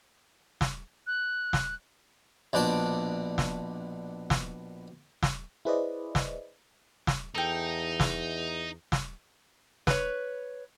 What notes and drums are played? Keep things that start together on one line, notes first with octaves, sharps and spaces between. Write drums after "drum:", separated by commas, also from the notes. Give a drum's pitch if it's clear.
drum: snare
F#6
drum: snare
A#1 B2 D4 D5 A5
drum: snare
drum: snare
drum: snare
E4 G#4 B4 C5 D5 D#5
drum: snare
drum: snare
E2 D#4 A4 G5
drum: snare
drum: snare
B4 C#5, drum: snare